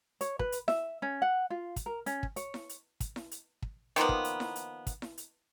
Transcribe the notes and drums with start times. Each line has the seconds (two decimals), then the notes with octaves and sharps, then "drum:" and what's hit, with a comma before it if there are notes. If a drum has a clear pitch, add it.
0.21 C#5, drum: hi-hat
0.39 B4, drum: kick
0.52 drum: hi-hat
0.68 E5, drum: snare E4
1.02 C#4
1.22 F#5
1.50 F4
1.76 drum: kick, hi-hat
1.86 A#4
2.06 C#4, drum: hi-hat
2.23 drum: kick
2.36 C#5, drum: hi-hat
2.54 drum: snare E4
2.69 drum: hi-hat
3.00 drum: kick, hi-hat
3.16 drum: snare E4
3.31 drum: hi-hat
3.62 drum: kick
3.96 D#3 F3 A#3 B3, drum: hi-hat
4.09 drum: kick
4.24 drum: hi-hat
4.40 drum: snare E4
4.56 drum: hi-hat
4.87 drum: kick, hi-hat
5.02 drum: snare E4
5.18 drum: hi-hat